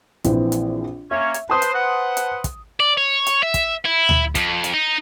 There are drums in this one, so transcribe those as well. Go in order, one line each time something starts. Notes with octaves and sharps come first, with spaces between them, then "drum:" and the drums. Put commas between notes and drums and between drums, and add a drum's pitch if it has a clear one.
A#1 E3 C4, drum: kick, hi-hat
drum: hi-hat
A#3 C#4 C#5 E5
drum: hi-hat
B4 C5 A5 D#6
drum: hi-hat
B4 C5 F#5
drum: hi-hat
drum: kick, hi-hat
D5
C#5
drum: hi-hat
E5
drum: kick, hi-hat
E4
drum: tom D2
F2, drum: kick, hi-hat
drum: hi-hat
D#4